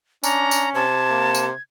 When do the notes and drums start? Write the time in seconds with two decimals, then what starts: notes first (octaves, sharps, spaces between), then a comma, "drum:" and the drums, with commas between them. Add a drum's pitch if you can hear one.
0.24 C#4 D4 A#5, drum: tambourine
0.51 drum: tambourine
0.75 C3 A5 G#6
1.10 A#3
1.34 drum: tambourine